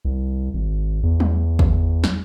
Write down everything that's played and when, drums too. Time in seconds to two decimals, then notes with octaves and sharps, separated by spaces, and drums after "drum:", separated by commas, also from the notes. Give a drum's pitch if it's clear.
0.05 C2
0.54 G#1
1.03 E2
1.20 drum: tom
1.59 drum: kick
2.04 drum: snare